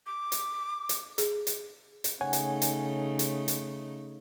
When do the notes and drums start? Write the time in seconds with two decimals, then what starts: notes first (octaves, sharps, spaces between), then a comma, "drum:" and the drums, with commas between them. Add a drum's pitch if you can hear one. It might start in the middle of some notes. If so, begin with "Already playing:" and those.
0.06 D6
0.32 drum: hi-hat
0.89 drum: hi-hat
1.18 G#4, drum: hi-hat
1.47 drum: hi-hat
2.04 drum: hi-hat
2.21 C#3 A3 D#4 C#5 F#5 G#5
2.33 drum: hi-hat
2.62 drum: hi-hat
3.19 drum: hi-hat
3.48 drum: hi-hat